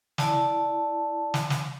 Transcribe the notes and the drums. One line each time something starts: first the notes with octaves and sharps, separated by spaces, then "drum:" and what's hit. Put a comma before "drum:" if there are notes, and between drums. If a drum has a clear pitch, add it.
E4 D5 A5, drum: snare
drum: snare
drum: snare